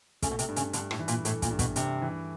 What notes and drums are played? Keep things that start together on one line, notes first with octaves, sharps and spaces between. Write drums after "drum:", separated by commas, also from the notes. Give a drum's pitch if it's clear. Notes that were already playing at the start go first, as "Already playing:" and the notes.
C#3 A3, drum: kick, hi-hat
B2
C3, drum: hi-hat
G2
C#3, drum: hi-hat
G2 D3, drum: hi-hat
A2, drum: rim click
E3
A#2, drum: hi-hat
A2 A3, drum: hi-hat
A#2, drum: kick, hi-hat
G2
B2, drum: kick, hi-hat
G2 C3, drum: hi-hat
E3